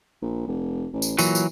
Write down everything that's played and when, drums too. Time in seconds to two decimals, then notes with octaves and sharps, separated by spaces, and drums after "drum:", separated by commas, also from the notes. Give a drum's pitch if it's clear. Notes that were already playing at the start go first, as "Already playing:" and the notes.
0.22 A#1
0.47 F1
0.93 A1
1.02 drum: tambourine
1.19 A#2 E3 F#3, drum: tambourine
1.35 drum: tambourine